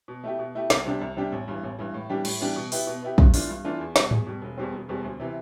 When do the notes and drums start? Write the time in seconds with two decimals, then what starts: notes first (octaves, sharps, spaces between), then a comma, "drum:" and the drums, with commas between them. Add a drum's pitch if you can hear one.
0.08 B2
0.24 A3 E4 G4
0.39 B2
0.55 A3 E4 G4
0.70 C2, drum: snare
0.86 C3 G3 D4 G4
1.01 C2
1.17 C3 G3 D4 G4
1.32 A1
1.48 G2 E3
1.63 A1
1.79 G2 E3
1.94 A2
2.10 E3 G3 D4 G4
2.25 A2, drum: cymbal
2.41 E3 G3 D4 G4
2.56 B2
2.72 B3 E4 G4, drum: open hi-hat
2.87 B2
3.02 B3 E4 G4
3.18 G2, drum: kick
3.34 E3 A3 D4 F4, drum: open hi-hat
3.49 G2
3.64 E3 A3 D4 F4
3.80 E2
3.96 B2 G3, drum: snare
4.11 E2, drum: tom G#2
4.27 B2 G3
4.42 E1
4.58 E2 B2 G3 C4
4.73 E1
4.89 E2 B2 G3 C4
5.04 D2
5.20 C3 E3